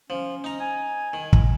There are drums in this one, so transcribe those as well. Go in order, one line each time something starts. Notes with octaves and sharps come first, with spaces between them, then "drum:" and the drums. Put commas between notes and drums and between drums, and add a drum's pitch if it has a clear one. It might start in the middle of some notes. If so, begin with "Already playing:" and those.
F3 C#4
D#4 A#5
G#5
D#3
E4, drum: kick